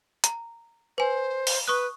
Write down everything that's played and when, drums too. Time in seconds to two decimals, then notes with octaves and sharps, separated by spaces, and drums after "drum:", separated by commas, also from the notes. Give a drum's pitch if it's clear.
0.24 A#5, drum: hi-hat
0.98 B4 C5 G#5
1.47 drum: open hi-hat
1.67 B4 C#6 D#6 F#6